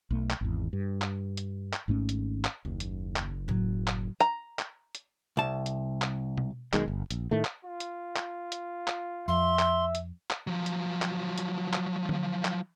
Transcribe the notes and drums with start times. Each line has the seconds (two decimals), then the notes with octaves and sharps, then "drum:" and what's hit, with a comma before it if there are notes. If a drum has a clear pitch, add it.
0.11 B1 A3
0.30 drum: clap
0.41 G#1 E2
0.73 G2
1.02 drum: clap
1.37 drum: hi-hat
1.73 drum: clap
1.88 G#1 G#2 A3 C#4
2.09 drum: hi-hat
2.45 drum: clap
2.65 F#1 D#2
2.80 drum: hi-hat
3.16 drum: clap
3.48 A2 F#3
3.87 drum: clap
4.20 A#5, drum: hi-hat
4.59 drum: clap
4.95 drum: hi-hat
5.37 C2 A5
5.66 drum: hi-hat
6.02 drum: clap
6.38 drum: tom B2
6.73 B1 D#3 G#3, drum: clap
6.88 G1
7.10 A#1, drum: hi-hat
7.31 A2 D#3 A3
7.45 drum: clap
7.65 F4
7.80 drum: hi-hat
8.16 drum: clap
8.52 drum: hi-hat
8.88 drum: clap
9.28 F2 E5 C6
9.59 drum: clap
9.95 drum: hi-hat
10.30 drum: clap
10.47 F3 F#3
10.66 drum: hi-hat
11.02 drum: clap
11.38 drum: hi-hat
11.73 drum: clap
12.09 drum: tom D3
12.45 drum: clap